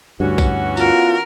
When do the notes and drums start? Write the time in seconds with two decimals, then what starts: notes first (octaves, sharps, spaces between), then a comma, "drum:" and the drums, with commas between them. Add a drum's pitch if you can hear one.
0.20 D2 G2 E3 C#4 F#4
0.38 drum: kick, tambourine
0.77 B3 E4 F4 A#4, drum: tambourine